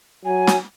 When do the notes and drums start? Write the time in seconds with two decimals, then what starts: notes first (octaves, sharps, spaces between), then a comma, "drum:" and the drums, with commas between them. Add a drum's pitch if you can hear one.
0.25 F#3 G#5
0.47 drum: snare